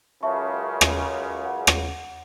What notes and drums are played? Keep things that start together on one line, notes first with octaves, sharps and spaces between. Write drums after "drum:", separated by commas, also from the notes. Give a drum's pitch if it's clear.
C#2 F#2 C#3 E5 A5 C#6
drum: rim click
F#5
drum: rim click